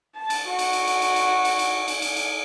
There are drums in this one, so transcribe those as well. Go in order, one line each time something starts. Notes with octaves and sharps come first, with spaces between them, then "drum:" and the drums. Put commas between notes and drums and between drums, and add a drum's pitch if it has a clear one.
A5
drum: cymbal
F#4
drum: cymbal
drum: cymbal
drum: cymbal
drum: cymbal
drum: cymbal
drum: cymbal
drum: cymbal
drum: cymbal
drum: cymbal
drum: cymbal